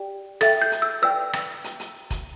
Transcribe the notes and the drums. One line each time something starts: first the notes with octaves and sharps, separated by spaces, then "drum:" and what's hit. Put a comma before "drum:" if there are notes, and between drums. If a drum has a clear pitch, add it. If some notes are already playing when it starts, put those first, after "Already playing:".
Already playing: G4 D5 G5
A4 E5 G5 A6, drum: rim click
G6
drum: hi-hat
E6
B4 D5 G5 E6
drum: rim click
drum: hi-hat
drum: hi-hat
drum: kick F1, hi-hat